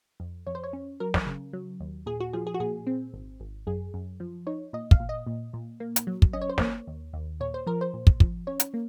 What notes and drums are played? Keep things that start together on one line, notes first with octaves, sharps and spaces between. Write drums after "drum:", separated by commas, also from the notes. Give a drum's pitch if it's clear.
F2
F2 C#5
C5
C#5
C#4
F#3 A#4
drum: snare
C#3
F#3
D#2
A#2 G#4
F#4
F3 G#4
G#4
F#4
A#2 G#4
C4
G#1
G#1
F#2 G#4
F#2
F3
D#4 C#5
A#2 D#5
F5, drum: kick
A#2
D#5
A#2
A#2
A#3
drum: hi-hat
F#3
drum: kick
C#4 D#5
C#5
C5
A#3 C#5, drum: snare
D#2
D#2
A#2 C#5
C5
F3 A#4
C5
A#2
drum: kick
F3, drum: kick
C#4 C#5
drum: hi-hat
A#3